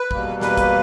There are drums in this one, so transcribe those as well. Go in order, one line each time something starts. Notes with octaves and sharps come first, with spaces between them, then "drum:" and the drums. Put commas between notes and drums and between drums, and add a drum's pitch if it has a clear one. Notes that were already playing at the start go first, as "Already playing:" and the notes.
Already playing: B4
E2 B2 G3 A#3, drum: kick A1
B4, drum: snare
drum: kick A1, hi-hat